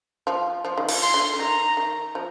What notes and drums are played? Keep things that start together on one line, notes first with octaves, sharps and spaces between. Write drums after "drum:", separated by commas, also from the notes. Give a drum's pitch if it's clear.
F3
F3
D#3
F3, drum: cymbal
C6
D3
D3
D#3 A#5
D#3
F3